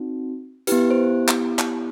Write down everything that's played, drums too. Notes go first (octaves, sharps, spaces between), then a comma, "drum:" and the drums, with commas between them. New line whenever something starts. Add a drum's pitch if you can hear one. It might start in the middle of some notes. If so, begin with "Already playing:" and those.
Already playing: C4 D#4 F#4
B3 E4 G4 B4, drum: hi-hat
C5
drum: clap
drum: clap